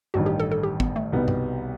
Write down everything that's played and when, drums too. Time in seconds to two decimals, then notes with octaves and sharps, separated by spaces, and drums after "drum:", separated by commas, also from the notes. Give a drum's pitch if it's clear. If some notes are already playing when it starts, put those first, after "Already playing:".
0.14 A1 G2 D#3 F#4
0.26 G4
0.40 A4
0.51 A4
0.63 G4
0.80 B3, drum: kick G1
0.96 A3
1.12 C2 B2 G3 B3 D#4
1.28 drum: tom G2